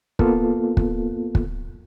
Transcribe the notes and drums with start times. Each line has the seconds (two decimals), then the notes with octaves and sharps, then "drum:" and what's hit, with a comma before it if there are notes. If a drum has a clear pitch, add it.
0.19 A#3 B3 F4 A4, drum: kick
0.77 drum: kick
1.35 drum: kick